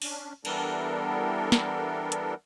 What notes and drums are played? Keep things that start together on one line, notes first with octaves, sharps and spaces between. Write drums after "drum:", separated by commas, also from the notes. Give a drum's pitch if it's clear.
C#4 D4, drum: open hi-hat
E3 G3 B3 D4 A4 A#4, drum: cymbal
drum: snare
drum: hi-hat